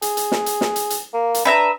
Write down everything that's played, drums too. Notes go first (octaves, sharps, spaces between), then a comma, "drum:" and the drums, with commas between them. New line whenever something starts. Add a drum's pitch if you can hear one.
G#4, drum: hi-hat
drum: hi-hat
drum: snare
drum: hi-hat
drum: snare
drum: hi-hat
drum: hi-hat
A#3
drum: hi-hat
D4 B4 E5 A#5